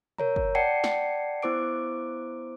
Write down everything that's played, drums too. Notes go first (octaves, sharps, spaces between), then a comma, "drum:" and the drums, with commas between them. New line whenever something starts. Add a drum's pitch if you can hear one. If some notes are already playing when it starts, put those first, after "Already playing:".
A#4 C#5 A#5, drum: tom B2
drum: kick
D5 F#5 G5 A5 C7 C#7
drum: snare
B3 E4 C5 D6 D7